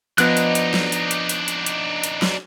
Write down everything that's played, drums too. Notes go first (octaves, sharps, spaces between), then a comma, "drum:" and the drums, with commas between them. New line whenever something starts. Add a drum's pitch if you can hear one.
F3 B3 D4 D#4 D#5 F#6, drum: hi-hat
drum: hi-hat
drum: hi-hat
drum: snare
drum: hi-hat
drum: hi-hat
drum: hi-hat
drum: hi-hat
drum: hi-hat
drum: hi-hat
drum: snare